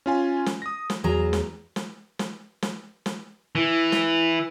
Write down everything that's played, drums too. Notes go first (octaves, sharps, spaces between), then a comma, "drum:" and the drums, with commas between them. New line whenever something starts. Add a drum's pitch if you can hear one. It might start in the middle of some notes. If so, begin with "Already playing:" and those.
C#4 F4 G#5
drum: snare
D#6 A#6
drum: snare
E2 F#3 G#4 A#5
drum: snare
drum: snare
drum: snare
drum: snare
drum: snare
E3
drum: snare